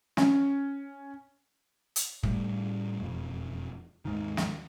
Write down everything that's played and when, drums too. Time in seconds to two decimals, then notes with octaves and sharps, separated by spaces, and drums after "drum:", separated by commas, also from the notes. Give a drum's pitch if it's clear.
0.17 C#4, drum: snare
1.96 drum: hi-hat
2.23 A2 G3 A3, drum: kick
3.00 E1 F2
4.05 D#2 G#2 D#3
4.37 drum: snare